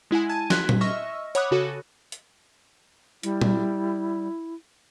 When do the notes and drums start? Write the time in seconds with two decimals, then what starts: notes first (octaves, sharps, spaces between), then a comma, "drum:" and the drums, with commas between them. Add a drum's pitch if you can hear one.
0.11 G#3 E4 F#5 G#5
0.29 A5 G#6 D#7
0.50 C6 F#6 G#6 B6, drum: snare
0.69 drum: tom
0.81 D#5 E5 C#6 E6 F6 A#6
1.35 C#5 F#5 B5 D6 D#6 F#6, drum: hi-hat
1.51 C#3 F#4 A4 D#7
2.12 drum: hi-hat
3.23 G3 E4, drum: hi-hat
3.41 drum: tom